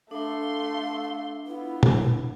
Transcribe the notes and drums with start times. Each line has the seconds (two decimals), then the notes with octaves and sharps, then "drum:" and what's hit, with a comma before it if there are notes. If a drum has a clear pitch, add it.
0.11 A3 D4 A4 E5 F5 C6
1.47 B3 E4 F4
1.83 drum: tom A#2